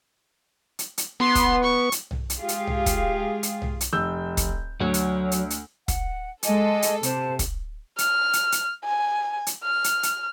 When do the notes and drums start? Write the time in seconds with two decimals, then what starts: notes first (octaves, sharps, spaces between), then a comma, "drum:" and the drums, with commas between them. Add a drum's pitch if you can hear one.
0.79 drum: hi-hat
0.98 drum: hi-hat
1.20 B3 C6
1.35 drum: kick, hi-hat
1.63 C#6
1.92 drum: hi-hat
2.11 drum: tom
2.30 drum: hi-hat
2.39 G#3 F4 G4 G#4 F5
2.49 drum: hi-hat
2.67 drum: tom
2.86 drum: kick, hi-hat
3.43 drum: hi-hat
3.62 drum: tom
3.81 drum: hi-hat
3.93 F1 E6 G6
4.37 drum: kick, hi-hat
4.80 D2 F#3 C#5
4.94 drum: hi-hat
5.31 drum: hi-hat
5.50 drum: hi-hat
5.88 F#5, drum: kick, hi-hat
6.43 G#3 A4 D#5 G#5 D6, drum: hi-hat
6.82 drum: hi-hat
7.03 C3 C5 A5, drum: hi-hat
7.39 drum: kick, hi-hat
7.98 F6, drum: hi-hat
8.33 drum: hi-hat
8.52 drum: hi-hat
8.85 G#5
9.47 drum: hi-hat
9.64 F6
9.84 drum: hi-hat
10.03 drum: hi-hat